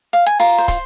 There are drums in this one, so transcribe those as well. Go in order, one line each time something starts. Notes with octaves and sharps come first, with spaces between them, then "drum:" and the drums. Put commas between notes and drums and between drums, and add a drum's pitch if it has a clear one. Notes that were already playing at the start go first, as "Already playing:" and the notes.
F5
G#5
F4 A#5, drum: open hi-hat
C5
C6, drum: kick, hi-hat